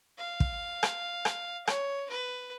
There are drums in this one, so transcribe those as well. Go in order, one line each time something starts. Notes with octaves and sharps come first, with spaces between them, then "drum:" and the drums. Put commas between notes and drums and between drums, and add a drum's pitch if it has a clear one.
F5
drum: kick
drum: rim click
drum: rim click
C#5, drum: rim click
B4